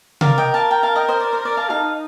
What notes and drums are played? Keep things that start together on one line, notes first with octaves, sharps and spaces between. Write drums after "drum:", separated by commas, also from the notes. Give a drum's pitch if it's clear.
A#4 D5 F5, drum: tom C3
D#5 G5
F5 A5
G5 A#5
F5 A5
D#5 G5
C5 D#5
D5
C5
D5
F5 A5
D#4 F5 A5